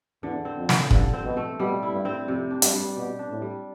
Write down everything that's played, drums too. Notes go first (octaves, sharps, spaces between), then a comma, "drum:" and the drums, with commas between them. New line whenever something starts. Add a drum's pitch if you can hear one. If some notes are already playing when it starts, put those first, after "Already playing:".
E2 D3
C4
F2
F3, drum: snare
G2 D3, drum: kick
C4
B2
A3
B2 G3
E4
G2
C4
F2 C3
D4
G2, drum: hi-hat
G3
B2 G4
D4
A2
G3